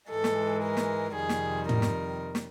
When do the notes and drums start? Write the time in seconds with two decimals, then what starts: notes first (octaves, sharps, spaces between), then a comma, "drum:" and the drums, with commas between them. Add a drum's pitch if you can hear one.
0.10 G#2 E3 G#3 A4
0.24 drum: snare
0.63 A#4
0.77 drum: snare
1.16 F2 C3 D#3 G3 G#4
1.29 drum: snare
1.69 A#4, drum: tom
1.82 drum: snare
2.35 drum: snare